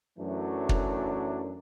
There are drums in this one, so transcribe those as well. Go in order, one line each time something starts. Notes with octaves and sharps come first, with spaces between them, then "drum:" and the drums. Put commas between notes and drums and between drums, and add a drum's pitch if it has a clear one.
F#2 E3 F#3 A3 D4
drum: kick